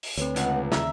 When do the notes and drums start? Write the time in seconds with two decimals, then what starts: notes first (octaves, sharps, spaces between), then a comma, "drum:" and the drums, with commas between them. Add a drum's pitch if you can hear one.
0.03 drum: open hi-hat
0.17 D2 C4 B4 C#5, drum: hi-hat
0.36 C#2 F#5, drum: hi-hat
0.72 D#2 C#3 E5 A#5 E6, drum: snare